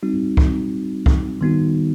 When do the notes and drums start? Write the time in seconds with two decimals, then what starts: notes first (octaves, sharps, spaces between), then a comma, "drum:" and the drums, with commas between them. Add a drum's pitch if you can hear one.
0.03 G3 C4 D#4 F#4
0.37 drum: kick
1.06 drum: kick
1.41 D#3 G3 B3 D#4 F#4